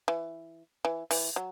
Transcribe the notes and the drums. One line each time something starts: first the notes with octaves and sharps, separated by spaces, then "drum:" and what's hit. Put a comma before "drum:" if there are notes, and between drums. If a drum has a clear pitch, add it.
E3
E3
E3, drum: open hi-hat
F#3